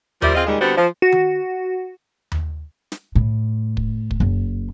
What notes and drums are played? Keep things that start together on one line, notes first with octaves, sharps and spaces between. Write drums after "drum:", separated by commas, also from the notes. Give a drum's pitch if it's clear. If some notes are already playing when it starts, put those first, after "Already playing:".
F3 G3 G4 A#4 C5 E5, drum: tom D#2
C4 F4 G#4 D#5 F5
A#2 D#3 G3 G#3
D3 G3 B3 C4 D4 F#4
F3
F#4
drum: tom D#3
drum: tom D#2
drum: snare
A2
drum: kick
drum: kick
F#1